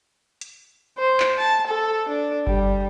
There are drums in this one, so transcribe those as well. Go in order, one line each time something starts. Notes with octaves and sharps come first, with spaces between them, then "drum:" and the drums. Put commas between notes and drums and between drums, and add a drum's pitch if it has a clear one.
drum: hi-hat
C5
drum: clap
A5
A4
D4
G3, drum: kick G1